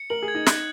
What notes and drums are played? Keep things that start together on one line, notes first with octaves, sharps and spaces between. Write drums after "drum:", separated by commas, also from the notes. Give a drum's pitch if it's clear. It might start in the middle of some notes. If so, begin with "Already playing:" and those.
Already playing: C#7
A#4 F#7
G#4
G#6
D#4
F#6, drum: snare